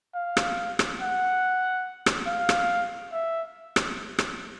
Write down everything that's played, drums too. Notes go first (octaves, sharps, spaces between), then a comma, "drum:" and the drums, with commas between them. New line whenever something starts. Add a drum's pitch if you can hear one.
F5
drum: rim click
drum: rim click
F#5
drum: rim click
F5
drum: rim click
E5
drum: rim click
drum: rim click